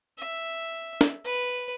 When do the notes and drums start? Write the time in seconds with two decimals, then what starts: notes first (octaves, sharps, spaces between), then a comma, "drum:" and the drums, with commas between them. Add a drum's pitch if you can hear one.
0.18 E5, drum: tambourine
1.01 drum: snare
1.25 B4